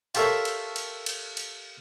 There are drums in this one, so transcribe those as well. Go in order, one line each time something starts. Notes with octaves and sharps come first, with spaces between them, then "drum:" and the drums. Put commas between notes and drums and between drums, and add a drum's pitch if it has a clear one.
F4 G4 A4 A#4 C#5 E5, drum: cymbal
drum: cymbal
drum: cymbal
drum: cymbal
drum: cymbal